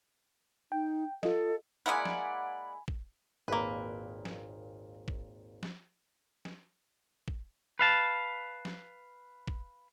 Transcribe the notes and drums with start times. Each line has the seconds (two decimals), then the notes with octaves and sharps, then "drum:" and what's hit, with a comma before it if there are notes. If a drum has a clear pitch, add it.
0.72 D#4 G5
1.23 F4 A4 D#5, drum: snare
1.86 G#3 A#3 E4 D5 F#5 G#5 B5
2.05 drum: snare
2.88 drum: kick
3.48 G#1 D#2 A#2 A#3 B4
4.25 drum: snare
5.08 drum: kick
5.63 drum: snare
6.45 drum: snare
7.28 drum: kick
7.79 B4 F5 A5
8.65 drum: snare
9.48 drum: kick